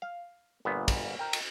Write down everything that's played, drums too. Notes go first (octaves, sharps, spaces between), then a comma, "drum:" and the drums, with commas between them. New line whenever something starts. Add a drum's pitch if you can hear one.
F5
G1 A#2 B3
drum: kick, cymbal
A#4 G5
drum: cymbal